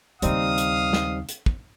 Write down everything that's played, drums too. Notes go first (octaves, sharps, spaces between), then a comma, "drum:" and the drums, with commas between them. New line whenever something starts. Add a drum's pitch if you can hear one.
D#2 C#3 G3 C4 D#4 F5 D#6, drum: hi-hat
drum: hi-hat
drum: snare
drum: hi-hat
drum: kick